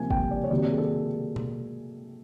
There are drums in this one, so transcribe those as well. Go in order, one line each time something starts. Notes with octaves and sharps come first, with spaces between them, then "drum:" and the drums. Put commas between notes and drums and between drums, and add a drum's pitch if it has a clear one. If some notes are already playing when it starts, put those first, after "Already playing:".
Already playing: C3 F3 A#3 G#5
G5, drum: kick
D5
C#5
C3 D#3 F#3 A#3 D5
D5
G#4
A4
drum: tom B2